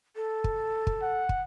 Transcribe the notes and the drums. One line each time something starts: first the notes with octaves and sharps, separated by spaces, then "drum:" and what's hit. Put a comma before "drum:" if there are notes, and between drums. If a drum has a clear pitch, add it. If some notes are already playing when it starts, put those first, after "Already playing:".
A4
drum: kick
drum: kick
F#5
drum: kick